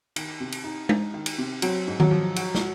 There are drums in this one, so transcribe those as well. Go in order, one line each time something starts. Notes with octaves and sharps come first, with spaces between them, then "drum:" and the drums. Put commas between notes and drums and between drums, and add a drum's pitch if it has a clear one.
D#3, drum: cymbal
C3
drum: cymbal
D#4
D#4, drum: tom G#3
D#3
drum: cymbal
C3
F#3 C4, drum: cymbal
G#2
F#3, drum: tom D#3
F3
F#4, drum: cymbal
drum: snare